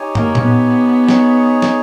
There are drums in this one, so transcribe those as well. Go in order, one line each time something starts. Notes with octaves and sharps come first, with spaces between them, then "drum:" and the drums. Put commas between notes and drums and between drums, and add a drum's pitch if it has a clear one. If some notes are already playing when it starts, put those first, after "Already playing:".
Already playing: D#4 G4 C#5 G#5
A#3, drum: tom
drum: tom A#2
B3
D#4 G#4 C#5, drum: snare
drum: snare